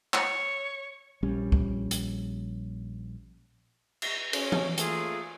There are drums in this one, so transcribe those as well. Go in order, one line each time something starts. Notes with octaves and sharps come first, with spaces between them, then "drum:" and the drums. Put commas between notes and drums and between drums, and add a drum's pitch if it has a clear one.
C#5, drum: clap
A#1 G3 C#4
drum: kick
drum: hi-hat
drum: cymbal
C#4, drum: cymbal
drum: tom E3
A3 A#3 F4 G#4, drum: hi-hat